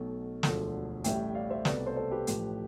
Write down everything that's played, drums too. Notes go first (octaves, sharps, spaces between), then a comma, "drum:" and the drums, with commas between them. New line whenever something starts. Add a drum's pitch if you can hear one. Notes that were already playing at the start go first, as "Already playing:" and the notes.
Already playing: B1 B2 A3
E1 D2 D3 F3 A3, drum: snare
A1 A2 G3 E5 G5, drum: hi-hat
D5 F5
C5 E5
C2 B2 A3 B4 D5, drum: snare
A4 C5
A4 C5
G4 B4
A1 A2 F3, drum: hi-hat